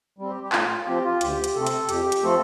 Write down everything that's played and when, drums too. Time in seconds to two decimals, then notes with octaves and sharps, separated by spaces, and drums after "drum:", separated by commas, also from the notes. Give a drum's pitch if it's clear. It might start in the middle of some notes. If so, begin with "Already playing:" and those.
0.18 G3 C4
0.30 G4
0.43 G4
0.52 A2 F4, drum: clap
0.69 F4
0.86 F3 C4 G4
1.04 F4
1.21 D2 G4, drum: hi-hat
1.44 drum: hi-hat
1.55 C3 A3 C4 A4
1.67 drum: hi-hat
1.89 F2 G4, drum: hi-hat
2.12 drum: hi-hat
2.23 F3 A3 C4 A4